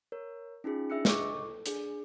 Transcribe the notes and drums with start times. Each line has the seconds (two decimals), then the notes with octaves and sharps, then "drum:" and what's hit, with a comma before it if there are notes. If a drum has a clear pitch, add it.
0.12 A#4 C#5
0.64 C#4 D#4 F4 G#4
0.90 D4 G#4 E5 E6 F#6 C#7
1.05 D#5 C#6 D6, drum: snare
1.33 A4
1.66 D4 G#4, drum: hi-hat